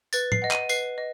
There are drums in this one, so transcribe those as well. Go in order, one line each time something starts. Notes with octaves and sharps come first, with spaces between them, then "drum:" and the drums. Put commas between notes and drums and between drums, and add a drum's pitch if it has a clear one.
B4 A6, drum: tambourine
C7, drum: tom A2
D#5 F#5
D#7, drum: clap
B4 C7, drum: tambourine
D#5